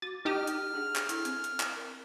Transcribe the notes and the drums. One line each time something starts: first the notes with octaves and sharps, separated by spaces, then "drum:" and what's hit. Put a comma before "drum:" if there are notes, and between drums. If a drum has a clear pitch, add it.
F#4 D6 A6
D#4 G4 D#6 F6
drum: hi-hat
D4 G#4 F#5
drum: clap
E4 A4 A#5, drum: hi-hat
C4, drum: hi-hat
drum: hi-hat
drum: clap
A#4